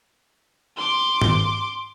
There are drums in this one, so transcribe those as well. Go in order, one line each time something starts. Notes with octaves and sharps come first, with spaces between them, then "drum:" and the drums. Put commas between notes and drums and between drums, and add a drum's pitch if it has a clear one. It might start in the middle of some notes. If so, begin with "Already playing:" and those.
C6 D6
drum: tom G#2